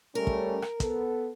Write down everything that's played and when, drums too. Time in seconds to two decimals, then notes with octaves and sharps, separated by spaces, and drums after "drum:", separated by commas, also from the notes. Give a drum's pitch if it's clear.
0.15 G3 A3 C#4 A#4
0.27 drum: kick
0.62 drum: rim click
0.80 B3 A4, drum: kick, hi-hat